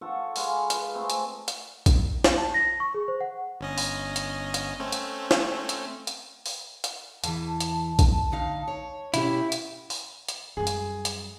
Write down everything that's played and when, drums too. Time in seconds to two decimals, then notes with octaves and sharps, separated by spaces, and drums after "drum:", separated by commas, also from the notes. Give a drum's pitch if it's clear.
0.01 F4 A4 C#5 F#5
0.36 G#3 F5 B5, drum: open hi-hat
0.70 F4 B4, drum: hi-hat
0.95 A3 C4 G#4
1.10 drum: hi-hat
1.48 drum: hi-hat
1.86 drum: kick A#1, hi-hat
2.24 drum: snare
2.38 A5
2.54 A#6
2.80 C#6
2.94 G#4
3.08 C5
3.21 F#5
3.61 G1 C#4 D#5
3.78 drum: open hi-hat
4.16 drum: hi-hat
4.54 drum: hi-hat
4.80 A3 C4 C#4
4.92 drum: hi-hat
5.31 drum: snare
5.69 drum: hi-hat
6.07 drum: hi-hat
6.46 drum: open hi-hat
6.84 drum: hi-hat
7.24 E2 E3 A5, drum: hi-hat
7.60 drum: hi-hat
7.99 drum: kick A#1, hi-hat
8.32 D2 D#4 F5
8.68 C#5
9.14 B2 C#4 E4 G4, drum: hi-hat
9.52 drum: hi-hat
9.90 drum: open hi-hat
10.28 drum: hi-hat
10.57 F#2 G3 G#4
10.67 drum: hi-hat
11.05 drum: hi-hat